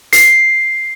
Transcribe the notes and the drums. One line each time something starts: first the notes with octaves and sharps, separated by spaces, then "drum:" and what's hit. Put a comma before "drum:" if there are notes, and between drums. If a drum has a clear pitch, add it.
C7, drum: hi-hat